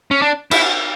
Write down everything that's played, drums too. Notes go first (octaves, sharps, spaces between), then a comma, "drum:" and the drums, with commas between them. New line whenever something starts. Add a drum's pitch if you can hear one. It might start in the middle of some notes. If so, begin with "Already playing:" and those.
C#4
D4
E4, drum: cymbal